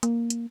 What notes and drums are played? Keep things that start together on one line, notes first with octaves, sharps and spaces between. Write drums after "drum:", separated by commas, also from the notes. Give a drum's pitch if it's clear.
A#3, drum: hi-hat
drum: hi-hat